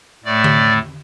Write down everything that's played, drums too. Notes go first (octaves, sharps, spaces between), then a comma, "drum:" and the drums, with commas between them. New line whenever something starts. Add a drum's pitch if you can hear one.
A2 A3 D5
drum: tom D3